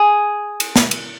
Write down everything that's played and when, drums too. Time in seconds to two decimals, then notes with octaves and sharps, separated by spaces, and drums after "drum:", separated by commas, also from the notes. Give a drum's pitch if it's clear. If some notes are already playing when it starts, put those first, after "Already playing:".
Already playing: G#4
0.60 drum: cymbal
0.76 drum: snare
0.91 drum: cymbal